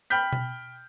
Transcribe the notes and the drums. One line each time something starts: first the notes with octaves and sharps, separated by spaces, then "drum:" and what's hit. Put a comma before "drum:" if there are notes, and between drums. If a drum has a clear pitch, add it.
G5 B5 F6 G6 B6, drum: hi-hat
drum: tom B2